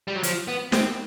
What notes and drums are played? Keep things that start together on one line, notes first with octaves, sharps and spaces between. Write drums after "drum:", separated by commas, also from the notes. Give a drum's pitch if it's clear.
G3
F#3
F3, drum: hi-hat
B3
C4, drum: snare